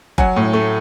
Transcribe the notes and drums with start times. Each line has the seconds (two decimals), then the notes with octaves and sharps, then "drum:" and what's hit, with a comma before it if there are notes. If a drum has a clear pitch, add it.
0.18 F#3 F#5 G#5, drum: kick F#1
0.36 A2
0.53 A3